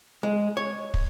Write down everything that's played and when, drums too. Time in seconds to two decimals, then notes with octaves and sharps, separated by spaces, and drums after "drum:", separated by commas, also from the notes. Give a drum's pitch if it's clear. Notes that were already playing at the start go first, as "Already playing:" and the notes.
0.23 G#3
0.57 C#5
0.94 drum: kick